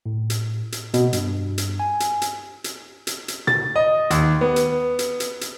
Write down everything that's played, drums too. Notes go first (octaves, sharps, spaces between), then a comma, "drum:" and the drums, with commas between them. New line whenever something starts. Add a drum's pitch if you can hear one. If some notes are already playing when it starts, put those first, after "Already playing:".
A2
drum: hi-hat
drum: hi-hat
B2, drum: hi-hat
G2, drum: hi-hat
drum: hi-hat
G#5
drum: hi-hat
drum: hi-hat
drum: hi-hat
drum: hi-hat
drum: hi-hat
A6, drum: tom A#2
D#5
D#2, drum: hi-hat
B3
drum: hi-hat
drum: hi-hat
drum: hi-hat
drum: hi-hat